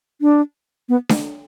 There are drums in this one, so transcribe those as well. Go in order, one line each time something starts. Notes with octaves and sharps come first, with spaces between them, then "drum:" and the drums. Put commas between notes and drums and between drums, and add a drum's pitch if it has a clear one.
D4
B3
drum: snare D4